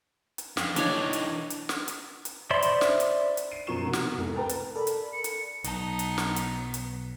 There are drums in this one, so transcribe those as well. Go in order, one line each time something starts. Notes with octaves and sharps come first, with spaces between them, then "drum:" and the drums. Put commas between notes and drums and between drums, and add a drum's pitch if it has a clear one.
drum: hi-hat
F2, drum: snare
E3 D4 D#4 C#5 D5, drum: hi-hat
drum: hi-hat
drum: hi-hat
drum: snare
drum: hi-hat
drum: hi-hat
C5 D5 E5 B5 C6
drum: hi-hat
drum: snare
drum: hi-hat
drum: hi-hat
C7 D7 D#7
F#2 B2 F3 C#6 E7
C3 D#3 B3 F#4
drum: snare
F1 C2 G#2
A#4 B4 G5 A5 A#5
drum: hi-hat
A4 A#4 D5 B5
drum: hi-hat
C#7
drum: hi-hat
B1 F#3 B3 D#4 A5, drum: hi-hat
drum: hi-hat
drum: snare
drum: hi-hat
drum: hi-hat